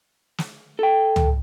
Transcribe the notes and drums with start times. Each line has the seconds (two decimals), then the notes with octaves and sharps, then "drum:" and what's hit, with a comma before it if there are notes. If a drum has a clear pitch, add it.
0.38 drum: snare
0.79 A4 G5
1.16 drum: tom C#2